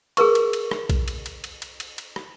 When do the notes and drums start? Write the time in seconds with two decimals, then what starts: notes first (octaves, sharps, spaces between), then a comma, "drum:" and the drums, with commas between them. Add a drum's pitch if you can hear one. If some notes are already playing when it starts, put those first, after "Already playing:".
0.17 G#4 A#4 B4 C#6, drum: cymbal
0.35 drum: cymbal
0.53 drum: cymbal
0.71 drum: rim click
0.90 drum: kick B1, cymbal
1.08 drum: cymbal
1.26 drum: cymbal
1.44 drum: cymbal
1.62 drum: cymbal
1.80 drum: cymbal
1.98 drum: cymbal
2.16 drum: rim click